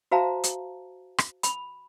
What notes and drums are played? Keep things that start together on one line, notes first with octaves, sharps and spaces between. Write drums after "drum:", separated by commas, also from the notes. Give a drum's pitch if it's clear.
F#4 C5 E5 F5 A5 A#5
drum: hi-hat
drum: rim click
B5, drum: hi-hat